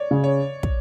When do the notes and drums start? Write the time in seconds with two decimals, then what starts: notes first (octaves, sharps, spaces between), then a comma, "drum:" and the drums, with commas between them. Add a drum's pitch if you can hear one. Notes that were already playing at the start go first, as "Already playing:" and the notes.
Already playing: C#5 D5
0.11 C#3
0.24 C#5
0.63 drum: kick